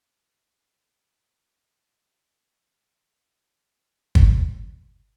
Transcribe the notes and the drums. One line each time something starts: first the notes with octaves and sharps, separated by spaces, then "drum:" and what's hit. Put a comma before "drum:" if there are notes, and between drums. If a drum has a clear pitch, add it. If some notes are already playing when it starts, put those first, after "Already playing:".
Already playing: C4
B3
B3
C4
drum: kick
D4